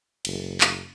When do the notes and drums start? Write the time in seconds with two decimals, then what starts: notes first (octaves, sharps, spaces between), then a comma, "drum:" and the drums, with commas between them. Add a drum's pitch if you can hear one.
0.25 F#1, drum: cymbal
0.61 drum: clap